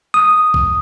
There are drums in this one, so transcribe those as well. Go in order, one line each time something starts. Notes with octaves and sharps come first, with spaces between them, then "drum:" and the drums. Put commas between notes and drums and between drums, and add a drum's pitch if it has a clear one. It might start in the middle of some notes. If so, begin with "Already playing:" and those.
D#6
drum: kick